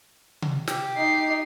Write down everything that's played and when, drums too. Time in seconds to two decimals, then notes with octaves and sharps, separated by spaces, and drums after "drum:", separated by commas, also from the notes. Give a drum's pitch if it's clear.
0.42 drum: tom C3
0.67 G4, drum: snare
0.97 D#4 C7